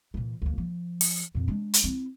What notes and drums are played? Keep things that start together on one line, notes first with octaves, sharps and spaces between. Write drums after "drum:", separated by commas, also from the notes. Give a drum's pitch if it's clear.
A#2 E3
D2 A#3
F3
drum: open hi-hat
F2 A#2
G#3 D4
drum: hi-hat
C4 E4